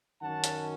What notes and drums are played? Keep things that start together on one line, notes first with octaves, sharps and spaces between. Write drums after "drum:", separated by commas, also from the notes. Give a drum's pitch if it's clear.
F#2 D#3 F#3 C#4 F#5 A5
drum: hi-hat